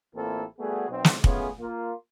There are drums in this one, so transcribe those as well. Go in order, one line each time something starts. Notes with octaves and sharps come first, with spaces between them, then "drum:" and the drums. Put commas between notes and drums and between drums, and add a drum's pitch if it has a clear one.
A1 A#3 C4 E4 F4 A4
G3 A3 B3 F#4 G#4
B1 C4
drum: snare
A3 B3 C#4 F4 G#4, drum: kick
A#3 F4